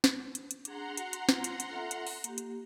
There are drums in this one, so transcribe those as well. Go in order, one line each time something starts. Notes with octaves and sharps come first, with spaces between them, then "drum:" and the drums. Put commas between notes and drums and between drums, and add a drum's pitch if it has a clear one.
drum: snare
drum: hi-hat
drum: hi-hat
D4 G#4 F#5 A#5 C6, drum: hi-hat
F#4, drum: hi-hat
drum: hi-hat
F4, drum: snare
drum: hi-hat
drum: hi-hat
F4 A4 E5
drum: hi-hat
drum: open hi-hat
A#3 G4, drum: hi-hat
drum: hi-hat